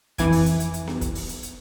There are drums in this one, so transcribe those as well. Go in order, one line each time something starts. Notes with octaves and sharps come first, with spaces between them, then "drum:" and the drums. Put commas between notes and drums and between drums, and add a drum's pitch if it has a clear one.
F2 E3 E4 G#5 D6 G#6, drum: kick, hi-hat
drum: open hi-hat
drum: hi-hat
drum: hi-hat
drum: hi-hat
drum: snare B3
drum: kick, hi-hat
drum: open hi-hat
drum: hi-hat
drum: hi-hat